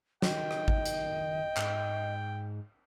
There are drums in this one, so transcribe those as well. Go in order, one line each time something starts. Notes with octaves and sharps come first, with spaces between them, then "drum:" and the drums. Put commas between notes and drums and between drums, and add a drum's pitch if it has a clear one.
D#3 D#5 G5, drum: snare
drum: rim click
drum: kick G#1
drum: hi-hat
G#2, drum: clap